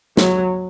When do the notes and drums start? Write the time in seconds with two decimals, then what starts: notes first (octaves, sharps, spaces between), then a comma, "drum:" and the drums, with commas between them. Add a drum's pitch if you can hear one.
0.17 F#3, drum: snare